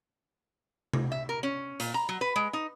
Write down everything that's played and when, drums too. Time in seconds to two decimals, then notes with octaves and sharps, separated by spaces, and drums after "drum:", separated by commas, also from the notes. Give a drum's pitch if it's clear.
0.93 drum: tom C3
1.12 E5
1.29 A#4
1.43 C#4
1.80 A#2, drum: hi-hat
1.94 A#5
2.09 F#3
2.21 B4
2.36 G#3
2.53 D#4